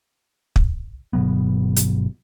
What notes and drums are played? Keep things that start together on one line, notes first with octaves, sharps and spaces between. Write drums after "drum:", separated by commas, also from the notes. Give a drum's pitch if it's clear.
drum: kick
G1 B2 F#3 B3
drum: hi-hat